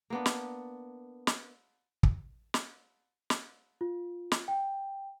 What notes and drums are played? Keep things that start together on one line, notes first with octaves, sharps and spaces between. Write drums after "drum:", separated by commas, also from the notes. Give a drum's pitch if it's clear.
A#3 B3 D4
drum: snare
drum: snare
drum: kick
drum: snare
drum: snare
F4
drum: snare
G5